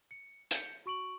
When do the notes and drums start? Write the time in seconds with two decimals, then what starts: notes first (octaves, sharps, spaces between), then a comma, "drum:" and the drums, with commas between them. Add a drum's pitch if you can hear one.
0.11 C#7
0.51 G6 C#7, drum: hi-hat
0.86 F#4 C#6 D7 F#7